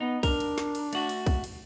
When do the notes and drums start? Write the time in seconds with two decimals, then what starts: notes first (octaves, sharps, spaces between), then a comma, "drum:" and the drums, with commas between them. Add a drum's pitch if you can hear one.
0.01 B3 D#4
0.23 D4 A#4, drum: kick, cymbal
0.40 drum: cymbal
0.58 drum: snare
0.75 drum: cymbal
0.93 A3 F#4, drum: cymbal
1.09 drum: cymbal
1.26 drum: kick, cymbal
1.44 drum: cymbal